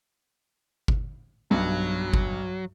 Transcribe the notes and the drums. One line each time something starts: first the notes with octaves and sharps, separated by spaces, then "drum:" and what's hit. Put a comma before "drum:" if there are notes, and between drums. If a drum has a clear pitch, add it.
drum: kick G1
B1 G2 F#3
drum: kick G1